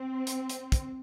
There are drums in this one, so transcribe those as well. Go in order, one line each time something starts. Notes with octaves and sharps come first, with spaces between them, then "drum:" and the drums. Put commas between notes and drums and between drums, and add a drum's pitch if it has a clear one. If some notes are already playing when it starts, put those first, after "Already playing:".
Already playing: C4
drum: hi-hat
drum: hi-hat
drum: kick, hi-hat